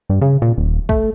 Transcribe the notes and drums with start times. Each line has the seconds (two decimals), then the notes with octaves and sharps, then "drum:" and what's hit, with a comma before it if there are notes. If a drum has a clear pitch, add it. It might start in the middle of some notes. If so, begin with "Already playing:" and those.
0.09 G2
0.21 C#3
0.42 A#2
0.58 D#1
0.89 A3, drum: kick